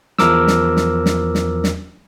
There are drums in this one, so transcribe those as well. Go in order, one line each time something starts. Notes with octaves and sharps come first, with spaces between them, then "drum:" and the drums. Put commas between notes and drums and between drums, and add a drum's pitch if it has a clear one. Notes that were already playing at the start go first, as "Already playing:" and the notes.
E2 F3 A#4 D6 E6, drum: snare
drum: snare
drum: snare
drum: snare
drum: snare
drum: snare